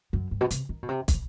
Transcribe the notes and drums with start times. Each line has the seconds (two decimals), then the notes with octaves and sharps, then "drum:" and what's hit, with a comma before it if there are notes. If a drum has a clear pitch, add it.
0.13 F#2
0.31 G2
0.41 B2
0.51 C3, drum: hi-hat
0.69 D#3
0.83 B2
0.89 C3
1.08 B2, drum: kick, hi-hat